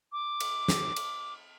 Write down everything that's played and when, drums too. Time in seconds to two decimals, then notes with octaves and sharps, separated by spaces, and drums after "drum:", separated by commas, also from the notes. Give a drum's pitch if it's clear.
0.12 D6
0.40 drum: cymbal
0.68 drum: snare
0.96 drum: cymbal